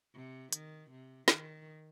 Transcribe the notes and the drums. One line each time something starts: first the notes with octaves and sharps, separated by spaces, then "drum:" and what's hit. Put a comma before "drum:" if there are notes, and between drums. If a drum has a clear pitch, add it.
C3
D#3, drum: hi-hat
C3
D#3, drum: snare